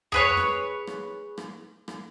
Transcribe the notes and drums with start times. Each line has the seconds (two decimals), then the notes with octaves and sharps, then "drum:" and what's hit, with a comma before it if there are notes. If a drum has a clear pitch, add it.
0.12 G#4 B4 C#5, drum: tom F2
0.37 drum: rim click
0.87 drum: rim click
1.38 drum: rim click
1.88 drum: rim click